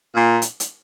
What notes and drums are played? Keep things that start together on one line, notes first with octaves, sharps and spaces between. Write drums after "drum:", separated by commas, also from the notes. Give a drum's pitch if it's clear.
A#2
drum: hi-hat
drum: hi-hat